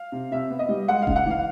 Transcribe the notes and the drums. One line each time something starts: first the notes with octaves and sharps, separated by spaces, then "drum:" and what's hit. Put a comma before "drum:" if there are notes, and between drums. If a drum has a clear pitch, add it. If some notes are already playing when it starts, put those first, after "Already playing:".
Already playing: F5
C3
C3 E5
B3
D#5
G3
G#3 F#5
F5
C#3, drum: kick D#1
F#5
E3 F5